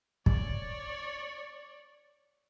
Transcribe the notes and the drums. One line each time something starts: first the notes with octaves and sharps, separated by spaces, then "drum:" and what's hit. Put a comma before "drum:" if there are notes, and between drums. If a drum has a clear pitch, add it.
C#5 D5, drum: kick